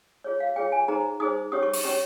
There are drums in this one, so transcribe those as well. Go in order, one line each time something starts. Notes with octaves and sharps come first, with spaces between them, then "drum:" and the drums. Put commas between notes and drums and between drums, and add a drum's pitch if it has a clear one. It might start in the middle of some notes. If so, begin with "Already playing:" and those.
F4 G#4 C#5
F5
F4 G#4 C#5 G5
G#5
D#4 G#4 C5 A#5
D#4 G#4 C5 D#6
C#4 G4 C#5 D#6
C#6
C#6, drum: open hi-hat
C#4 G4 C#5 C#6